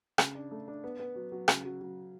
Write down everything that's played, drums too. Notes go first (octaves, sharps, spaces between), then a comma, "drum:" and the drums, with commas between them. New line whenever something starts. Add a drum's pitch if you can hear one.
C#3, drum: rim click
D4
A3
D4
B3
B3
F#3
F#3
C#3, drum: rim click
F#3
F#3